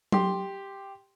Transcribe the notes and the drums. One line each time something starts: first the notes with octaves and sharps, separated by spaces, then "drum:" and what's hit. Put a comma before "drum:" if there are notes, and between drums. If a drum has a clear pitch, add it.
G4 C6, drum: tom F#3